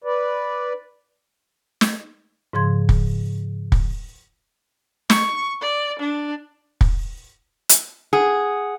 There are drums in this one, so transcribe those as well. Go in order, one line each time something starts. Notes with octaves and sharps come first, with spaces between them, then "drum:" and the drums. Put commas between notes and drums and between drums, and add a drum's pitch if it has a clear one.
B4 D5
drum: snare
G#2 C#3 F3 C6 G#6
drum: kick
drum: kick
C#6, drum: snare
D5
D4
drum: kick
drum: hi-hat
G#4 F#5 D#6